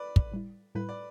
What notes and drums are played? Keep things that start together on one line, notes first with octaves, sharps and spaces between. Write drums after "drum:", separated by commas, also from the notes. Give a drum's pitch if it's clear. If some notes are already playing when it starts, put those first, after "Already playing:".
Already playing: B4 D5
drum: kick
A2 G3 E4
A2 G3 E4 B4
D5